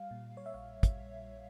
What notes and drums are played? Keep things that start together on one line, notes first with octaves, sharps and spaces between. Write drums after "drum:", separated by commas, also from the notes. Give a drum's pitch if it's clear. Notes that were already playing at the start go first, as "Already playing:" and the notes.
Already playing: G3 F5
A#2
C#5
E5
A#1 F5
drum: kick, hi-hat
A#1